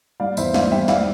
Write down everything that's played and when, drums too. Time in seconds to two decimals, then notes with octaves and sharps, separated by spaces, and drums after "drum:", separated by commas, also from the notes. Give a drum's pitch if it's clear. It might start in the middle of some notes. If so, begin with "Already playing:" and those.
0.20 G3 D5 F5
0.37 E2 C5 E5, drum: tambourine
0.54 E2 D5 F5, drum: snare
0.72 G3 E5 G5
0.88 E2 D5 F5, drum: snare